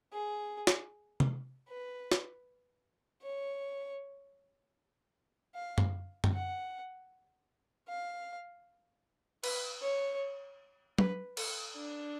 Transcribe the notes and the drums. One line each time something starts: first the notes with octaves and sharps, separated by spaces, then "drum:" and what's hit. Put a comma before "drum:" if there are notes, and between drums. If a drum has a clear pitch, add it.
G#4
drum: snare
drum: tom C3
B4
drum: snare
C#5
F5
drum: tom F#2
drum: tom F#2
F#5
F5
B4, drum: cymbal
C#5
B4, drum: tom F#3
A4, drum: cymbal
D4